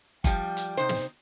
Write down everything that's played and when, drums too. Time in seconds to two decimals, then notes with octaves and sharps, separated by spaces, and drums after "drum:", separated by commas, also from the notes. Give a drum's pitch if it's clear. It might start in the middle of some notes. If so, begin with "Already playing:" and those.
0.24 F3 G3 G5, drum: kick G1, hi-hat
0.57 drum: hi-hat
0.77 C3 D#4 C5
0.89 drum: snare